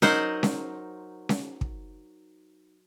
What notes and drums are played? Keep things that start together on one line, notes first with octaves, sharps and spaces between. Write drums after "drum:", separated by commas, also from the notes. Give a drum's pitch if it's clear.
F#3 D#4 A#4 C5 F#5, drum: snare C#4
drum: snare C#4
drum: snare C#4
drum: kick